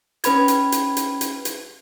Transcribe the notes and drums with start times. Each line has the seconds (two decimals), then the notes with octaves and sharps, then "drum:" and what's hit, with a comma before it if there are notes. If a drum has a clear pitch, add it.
0.24 C#4 B4 B5 G#6, drum: hi-hat
0.48 drum: hi-hat
0.72 drum: hi-hat
0.97 drum: hi-hat
1.21 drum: hi-hat
1.45 drum: hi-hat